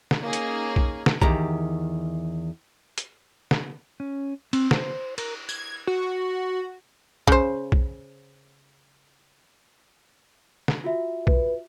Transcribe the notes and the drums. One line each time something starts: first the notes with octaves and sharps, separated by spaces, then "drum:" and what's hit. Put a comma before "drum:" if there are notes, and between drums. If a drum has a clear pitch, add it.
drum: snare
A#3 C#4 D#4 G#4
drum: hi-hat
drum: kick
drum: snare
E2 D#3 G4 A#5, drum: kick
drum: hi-hat
drum: snare
C#4
C4, drum: cymbal
C5, drum: snare
A#4, drum: cymbal
G#6, drum: tambourine
F#4
C#3 C5, drum: kick
drum: kick
drum: snare
F4 F#4 E5
B4, drum: kick